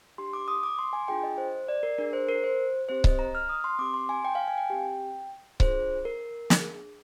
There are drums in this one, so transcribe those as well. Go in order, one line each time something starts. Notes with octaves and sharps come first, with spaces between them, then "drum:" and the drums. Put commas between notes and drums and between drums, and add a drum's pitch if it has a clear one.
D4 G4 C6
D6
D#6
D6
C6
G#5
D4 F4 G#4 G5
D#5
C5
D5
A#4
D4 G#4 A#4
C5
A#4
C5
C4 G4 C5
D#5, drum: kick C#1
A#5
F6
D#6
C6
C4 G4 D6
C6
G#5
G5
F5
G#5
G5
C4 G4
D4 F4 G#4 C5, drum: kick C#1
A#4
D4 G#4, drum: snare